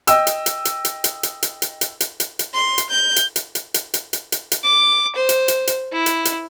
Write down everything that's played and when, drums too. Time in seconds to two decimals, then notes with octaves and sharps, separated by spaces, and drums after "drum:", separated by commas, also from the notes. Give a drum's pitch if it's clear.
0.07 D#5 G5 E6, drum: hi-hat
0.27 drum: hi-hat
0.46 drum: hi-hat
0.65 drum: hi-hat
0.85 drum: hi-hat
1.04 drum: hi-hat
1.23 drum: hi-hat
1.43 drum: hi-hat
1.62 drum: hi-hat
1.81 drum: hi-hat
2.00 drum: hi-hat
2.20 drum: hi-hat
2.39 drum: hi-hat
2.54 C6
2.78 drum: hi-hat
2.91 G6
3.16 drum: hi-hat
3.36 drum: hi-hat
3.55 drum: hi-hat
3.74 drum: hi-hat
3.94 drum: hi-hat
4.13 drum: hi-hat
4.32 drum: hi-hat
4.52 drum: hi-hat
4.64 D6
5.16 C5
5.29 drum: hi-hat
5.48 drum: hi-hat
5.67 drum: hi-hat
5.93 E4
6.06 drum: hi-hat
6.25 drum: hi-hat